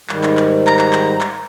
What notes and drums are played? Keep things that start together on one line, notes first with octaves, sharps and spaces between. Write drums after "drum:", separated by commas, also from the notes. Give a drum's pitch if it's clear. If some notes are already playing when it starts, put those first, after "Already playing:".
G#2 D#3 G3, drum: clap
drum: clap
drum: clap
A#5, drum: clap
drum: clap
drum: clap
drum: clap